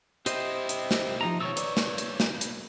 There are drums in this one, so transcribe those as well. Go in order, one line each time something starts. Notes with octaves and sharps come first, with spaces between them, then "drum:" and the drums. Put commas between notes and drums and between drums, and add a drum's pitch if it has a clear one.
C4 E4 G4 C5 D#5, drum: hi-hat
drum: hi-hat
drum: snare
F3 D#4 A#5
B2 D#3 C#5 C#6 E6
B4 D5, drum: hi-hat
drum: snare
drum: hi-hat
drum: snare
drum: hi-hat